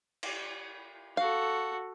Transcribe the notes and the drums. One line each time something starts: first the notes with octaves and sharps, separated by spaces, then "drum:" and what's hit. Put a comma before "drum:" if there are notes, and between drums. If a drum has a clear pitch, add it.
drum: cymbal
F#4 A4 F5